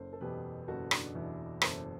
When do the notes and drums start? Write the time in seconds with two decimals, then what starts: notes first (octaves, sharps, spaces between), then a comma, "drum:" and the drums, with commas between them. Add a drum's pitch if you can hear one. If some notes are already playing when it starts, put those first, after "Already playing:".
Already playing: F#1 A4 C5
0.13 A4
0.21 E2 B2 G4 B4
0.68 F#1 F#4 A4
0.91 D4, drum: rim click
1.15 E2 B2 E4
1.62 F#1 A4 C5, drum: rim click